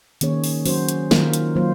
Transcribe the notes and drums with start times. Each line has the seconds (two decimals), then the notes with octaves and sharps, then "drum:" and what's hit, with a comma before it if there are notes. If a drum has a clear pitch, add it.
0.21 D#3 A#3 C#4 G#4 C#5, drum: hi-hat
0.44 drum: open hi-hat
0.66 F#3 C#4 F#4 C5, drum: open hi-hat
0.89 drum: hi-hat
1.11 D#3 A#3 F4 A#4, drum: snare
1.33 drum: hi-hat
1.56 F#3 A#3 F4 C5